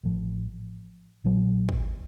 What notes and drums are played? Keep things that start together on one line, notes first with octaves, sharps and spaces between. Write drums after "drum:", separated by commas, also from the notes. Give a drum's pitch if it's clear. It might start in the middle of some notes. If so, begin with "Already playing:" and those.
A1 A2 F3
A#1 A#2 F#3
drum: kick